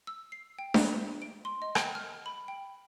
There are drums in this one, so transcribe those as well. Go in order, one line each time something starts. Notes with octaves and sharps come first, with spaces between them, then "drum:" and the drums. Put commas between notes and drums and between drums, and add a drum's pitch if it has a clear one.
E6
C7
G5
F#6, drum: snare D4
D7
C6
D#5
G5, drum: rim click
F6
B5
G5